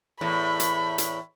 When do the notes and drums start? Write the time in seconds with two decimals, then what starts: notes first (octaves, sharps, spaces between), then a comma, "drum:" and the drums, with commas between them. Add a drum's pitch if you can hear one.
0.21 E2 A2 B5
0.60 drum: hi-hat
0.98 drum: hi-hat